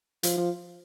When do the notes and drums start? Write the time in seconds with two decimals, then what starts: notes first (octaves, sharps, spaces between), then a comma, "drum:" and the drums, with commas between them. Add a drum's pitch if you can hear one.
0.23 F3, drum: hi-hat
0.37 F3